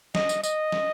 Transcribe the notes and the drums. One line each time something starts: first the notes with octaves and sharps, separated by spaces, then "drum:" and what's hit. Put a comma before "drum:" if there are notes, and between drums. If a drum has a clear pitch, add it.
D#5, drum: snare
drum: tambourine
D#5, drum: tambourine
drum: snare